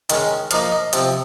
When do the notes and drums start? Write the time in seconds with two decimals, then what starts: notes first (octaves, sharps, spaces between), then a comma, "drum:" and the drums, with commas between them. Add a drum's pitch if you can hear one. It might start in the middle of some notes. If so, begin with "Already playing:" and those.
0.10 D#3 G#3 C#4, drum: hi-hat
0.51 F3 A#3 D#4 F5, drum: hi-hat
0.72 D#5
0.93 C3 F3 C4, drum: hi-hat